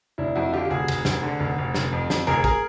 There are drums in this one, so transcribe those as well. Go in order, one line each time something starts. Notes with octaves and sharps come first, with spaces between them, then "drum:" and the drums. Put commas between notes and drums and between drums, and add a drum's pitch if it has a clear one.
F1 D4 E4
F2 E4 F#4
D3 F4 G4
G4
F1 F#4 G#4
F1, drum: cymbal
F1, drum: snare
D3
F1
F1
F1, drum: snare
F2
F2, drum: snare
F1 G#4 A#4
G#4 A#4, drum: kick